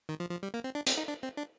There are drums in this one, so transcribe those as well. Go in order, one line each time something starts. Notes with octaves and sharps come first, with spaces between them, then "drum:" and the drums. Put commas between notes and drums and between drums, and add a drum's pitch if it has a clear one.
D#3
F3
F3
G3
A#3
C4
D4
C4, drum: hi-hat
D#4
D4
C4
D4